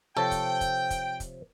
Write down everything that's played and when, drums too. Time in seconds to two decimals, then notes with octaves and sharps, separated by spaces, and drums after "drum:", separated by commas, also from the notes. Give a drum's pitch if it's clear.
0.17 C3 F3 A4 C#5 G5
0.31 drum: kick, hi-hat
0.61 drum: kick, hi-hat
0.90 drum: kick, hi-hat
1.20 drum: kick, hi-hat